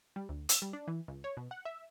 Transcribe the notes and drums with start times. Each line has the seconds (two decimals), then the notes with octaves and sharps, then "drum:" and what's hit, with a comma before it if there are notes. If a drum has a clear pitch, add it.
0.16 G3
0.29 D2
0.49 E6, drum: hi-hat
0.62 G3
0.73 D4
0.87 E3
1.08 C#2
1.24 C#5
1.37 B2
1.51 F#5
1.65 E5